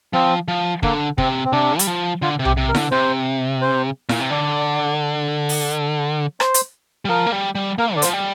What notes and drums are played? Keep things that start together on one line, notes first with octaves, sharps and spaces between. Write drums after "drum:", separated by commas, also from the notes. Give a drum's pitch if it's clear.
F3 C4
F3
D3 A#3, drum: kick
C3 C4, drum: kick
C4
C3 D4
G3, drum: hi-hat
F3
D3 F4
C3
G4, drum: tom B1
C3
A#4
D3, drum: snare E4
C3 C5
C5
A#2, drum: snare E4
C3
D3 D5
drum: open hi-hat
C5, drum: rim click
drum: hi-hat
G3
F3 A#4
A#3
G3
G3
A#3 A#4
D3 D5
C5, drum: hi-hat
F3
G3